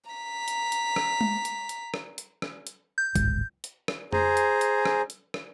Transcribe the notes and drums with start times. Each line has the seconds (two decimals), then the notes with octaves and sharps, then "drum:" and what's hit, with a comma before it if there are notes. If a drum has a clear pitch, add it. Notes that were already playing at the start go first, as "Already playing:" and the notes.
0.11 A#5 B6
0.48 drum: hi-hat
0.72 drum: hi-hat
0.96 drum: rim click
1.21 drum: tom G#3
1.45 drum: hi-hat
1.69 drum: hi-hat
1.94 drum: rim click
2.18 drum: hi-hat
2.42 drum: rim click
2.67 drum: hi-hat
2.98 G6
3.15 D1 G#1 G#3, drum: kick C2, hi-hat
3.64 drum: hi-hat
3.88 drum: rim click
4.13 G#4 C5 G#5 A#5, drum: tom F2
4.37 drum: hi-hat
4.61 drum: hi-hat
4.85 drum: rim click
5.10 drum: hi-hat
5.34 drum: rim click